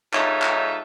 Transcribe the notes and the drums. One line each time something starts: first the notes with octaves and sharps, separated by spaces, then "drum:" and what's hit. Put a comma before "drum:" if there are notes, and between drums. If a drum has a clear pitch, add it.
G#2 D#4 F4 A4 C#5 E5, drum: clap
drum: clap